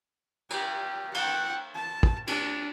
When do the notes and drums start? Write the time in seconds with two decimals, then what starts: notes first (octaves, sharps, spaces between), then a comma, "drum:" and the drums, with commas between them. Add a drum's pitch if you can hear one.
0.50 G4, drum: cymbal
1.14 F#5 G5, drum: cymbal
1.75 A5
2.03 drum: kick
2.27 D4, drum: cymbal